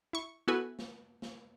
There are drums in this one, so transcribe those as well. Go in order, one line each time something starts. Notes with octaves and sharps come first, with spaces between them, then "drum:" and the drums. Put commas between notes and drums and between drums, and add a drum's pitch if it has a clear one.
E4 C#6
B3 E4 F#4 A4 B4 G#5
drum: snare
drum: snare